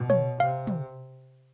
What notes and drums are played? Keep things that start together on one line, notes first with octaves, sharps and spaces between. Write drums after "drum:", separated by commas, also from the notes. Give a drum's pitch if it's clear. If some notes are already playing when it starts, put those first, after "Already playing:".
Already playing: B2
C#5, drum: tom
C3 F5
drum: tom